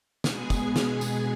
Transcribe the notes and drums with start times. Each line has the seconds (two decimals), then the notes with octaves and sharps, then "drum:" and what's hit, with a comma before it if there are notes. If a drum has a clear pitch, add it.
0.24 B2 G#3 B3 G#4 G#5, drum: snare
0.50 drum: kick, tambourine
0.76 drum: snare
1.01 drum: tambourine